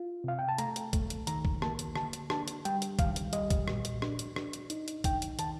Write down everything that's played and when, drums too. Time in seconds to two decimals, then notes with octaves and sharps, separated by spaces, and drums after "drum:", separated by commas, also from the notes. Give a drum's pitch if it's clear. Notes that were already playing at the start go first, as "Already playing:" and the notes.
Already playing: F4
0.24 C3 F5
0.39 G5
0.49 A5
0.58 A3 A#5, drum: hi-hat
0.76 drum: hi-hat
0.93 A3, drum: kick, hi-hat
1.10 drum: hi-hat
1.27 D#3 A#5, drum: hi-hat
1.45 drum: kick
1.62 A#3 A5, drum: rim click
1.79 drum: hi-hat
1.95 D3 A5, drum: rim click
2.13 drum: hi-hat
2.30 D4 A5, drum: rim click
2.48 drum: hi-hat
2.65 G3 G5, drum: hi-hat
2.82 drum: hi-hat
2.99 D#3 F5, drum: kick, hi-hat
3.16 drum: hi-hat
3.33 G3 D#5, drum: hi-hat
3.50 drum: kick, hi-hat
3.68 A#2, drum: rim click
3.85 drum: hi-hat
4.02 D4, drum: rim click
4.19 drum: hi-hat
4.36 D4, drum: rim click
4.53 drum: hi-hat
4.70 D#4, drum: hi-hat
4.88 drum: hi-hat
5.04 D#4 G5, drum: kick, hi-hat
5.22 drum: hi-hat
5.39 D#3 A5, drum: hi-hat